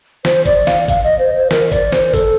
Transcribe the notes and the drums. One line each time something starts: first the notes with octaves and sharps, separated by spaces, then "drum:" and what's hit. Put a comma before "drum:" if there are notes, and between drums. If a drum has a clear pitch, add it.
C5, drum: snare
D5, drum: kick, tambourine
F5, drum: snare
F5, drum: kick, tambourine
D#5
C5
C5
A#4, drum: snare
D5, drum: kick, tambourine
C5, drum: snare
A4, drum: kick, tambourine